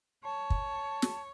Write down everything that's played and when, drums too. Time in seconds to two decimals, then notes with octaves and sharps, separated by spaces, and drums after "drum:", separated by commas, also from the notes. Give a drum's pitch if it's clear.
0.24 C#5 A5
0.50 drum: kick
1.02 drum: snare